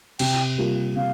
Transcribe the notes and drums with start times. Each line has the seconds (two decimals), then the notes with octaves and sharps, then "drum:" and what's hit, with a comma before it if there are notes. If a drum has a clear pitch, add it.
0.19 C3 G5, drum: cymbal
0.58 G3 A#3 F4
0.96 C3 F5